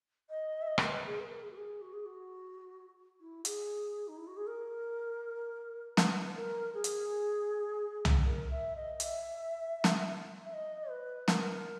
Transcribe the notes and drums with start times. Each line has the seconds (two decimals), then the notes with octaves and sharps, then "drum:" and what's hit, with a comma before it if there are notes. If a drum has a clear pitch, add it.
0.29 D#5
0.61 E5
0.67 D#5
0.78 A#4, drum: rim click
0.87 B4
1.06 G#4
1.19 B4
1.24 A#4
1.42 G#4
1.50 F#4
1.57 G#4
1.81 F#4
1.93 G#4
2.05 F#4
3.20 E4
3.45 G#4, drum: hi-hat
4.07 D#4
4.17 E4
4.27 F#4
4.36 G#4
4.46 A#4
5.97 B4, drum: snare
6.35 A#4
6.74 G#4
6.84 drum: hi-hat
8.05 drum: tom C2
8.25 A#4
8.50 E5
8.75 D#5
9.00 E5, drum: hi-hat
9.84 drum: snare
10.45 E5
10.52 D#5
10.89 B4
11.28 A#4, drum: snare